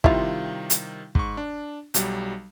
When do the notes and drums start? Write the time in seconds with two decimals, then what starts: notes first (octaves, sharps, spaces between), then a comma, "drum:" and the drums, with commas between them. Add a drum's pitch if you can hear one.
0.04 C3 D#3 G3 E4 F4, drum: kick
0.70 drum: hi-hat
1.15 G#2 C#6, drum: kick
1.37 D4
1.94 B1 F#3 G3, drum: hi-hat